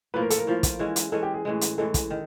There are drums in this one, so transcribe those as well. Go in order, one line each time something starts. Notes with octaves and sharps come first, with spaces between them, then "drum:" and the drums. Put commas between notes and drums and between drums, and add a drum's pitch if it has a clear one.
A2 F3 A#3 B4
A#4
A4, drum: hi-hat
A#4
A2 F3 A#3
drum: kick, hi-hat
E3 G#3 C#4
drum: hi-hat
E3 G#3 C#4 A4
G4
G#4
A2 E3 G#3
drum: hi-hat
A2 E3 G#3 A4
drum: kick, hi-hat
D#3